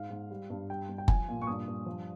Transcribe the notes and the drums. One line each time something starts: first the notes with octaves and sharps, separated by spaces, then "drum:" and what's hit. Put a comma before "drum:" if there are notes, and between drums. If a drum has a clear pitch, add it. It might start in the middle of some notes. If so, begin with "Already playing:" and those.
Already playing: G#2 F5
G#2
G3
G2
G3 G5
G2
G5
F3 G#5, drum: kick F#1
A#2
C#6
G2 D#6
G2
F3